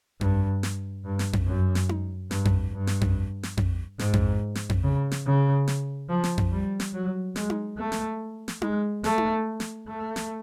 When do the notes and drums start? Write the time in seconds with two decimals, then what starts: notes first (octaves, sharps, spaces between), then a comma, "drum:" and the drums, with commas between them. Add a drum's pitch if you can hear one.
0.21 G2, drum: tom F2
0.63 drum: snare
1.05 G2
1.19 drum: snare
1.33 drum: tom F2
1.47 F#2
1.75 drum: snare
1.89 drum: tom D#4
2.31 G2, drum: snare
2.45 drum: tom F2
2.74 G2
2.87 drum: snare
3.01 drum: tom F2
3.43 drum: snare
3.57 drum: tom F2
3.99 G#2, drum: snare
4.13 drum: tom F2
4.55 drum: snare
4.69 drum: tom F2
4.83 C#3
5.11 drum: snare
5.26 C#3
5.68 drum: snare
6.09 F3
6.24 drum: snare
6.38 drum: tom F2
6.52 G3
6.80 drum: snare
6.94 F#3
7.36 G#3, drum: snare
7.50 drum: tom D#4
7.78 A3
7.92 drum: snare
8.48 drum: snare
8.62 G#3, drum: tom D#4
9.04 A3, drum: snare
9.18 drum: tom D#4
9.60 drum: snare
9.88 A3
10.16 drum: snare